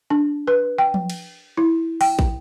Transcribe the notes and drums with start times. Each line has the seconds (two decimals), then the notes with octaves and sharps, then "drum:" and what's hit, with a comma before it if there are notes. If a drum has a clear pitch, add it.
0.10 D4
0.47 B4
0.78 G5
0.94 drum: tom F3
1.10 drum: cymbal
1.57 E4
2.01 G5, drum: open hi-hat
2.19 drum: kick